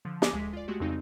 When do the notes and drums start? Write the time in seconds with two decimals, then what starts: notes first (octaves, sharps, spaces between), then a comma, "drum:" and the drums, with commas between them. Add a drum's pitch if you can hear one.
0.05 D3 F3
0.22 G#5 D6 D#6, drum: snare
0.34 D2 G#3 B6
0.53 F4 D5
0.68 G#3 A3 F#4 G4
0.80 F2 C#3 G#3 C4 D#4